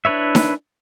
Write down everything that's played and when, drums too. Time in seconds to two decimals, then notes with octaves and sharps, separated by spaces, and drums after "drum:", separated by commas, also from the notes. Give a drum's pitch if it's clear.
0.05 D4 E4 B4 C#5 E5
0.35 drum: snare D#4